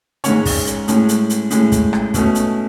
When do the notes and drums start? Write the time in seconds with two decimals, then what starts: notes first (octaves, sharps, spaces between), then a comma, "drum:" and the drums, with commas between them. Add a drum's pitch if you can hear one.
0.24 G#2 G#3 C#4 C#5, drum: hi-hat
0.45 drum: kick, open hi-hat
0.67 drum: hi-hat
0.88 A2 G#3 C#4, drum: hi-hat
1.09 drum: hi-hat
1.30 drum: hi-hat
1.50 A2 G#3 C#4, drum: hi-hat
1.72 drum: kick, hi-hat
1.93 drum: rim click
2.14 B2 A3 C#4, drum: kick, hi-hat
2.35 drum: hi-hat